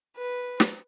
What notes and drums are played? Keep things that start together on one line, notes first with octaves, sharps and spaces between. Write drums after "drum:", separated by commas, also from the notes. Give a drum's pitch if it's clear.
B4
drum: snare